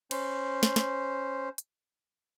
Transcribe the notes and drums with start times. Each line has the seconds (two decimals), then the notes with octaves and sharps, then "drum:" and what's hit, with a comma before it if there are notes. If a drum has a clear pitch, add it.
0.11 C#4 C5, drum: cymbal
0.63 drum: snare
0.76 drum: snare
1.58 drum: hi-hat